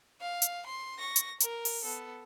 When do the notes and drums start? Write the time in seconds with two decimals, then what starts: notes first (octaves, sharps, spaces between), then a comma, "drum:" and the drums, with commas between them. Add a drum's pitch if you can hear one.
0.21 F5
0.42 drum: hi-hat
0.66 C6
0.99 C#6 A#6
1.16 drum: hi-hat
1.40 A#4, drum: hi-hat
1.65 drum: open hi-hat
1.84 B3 A4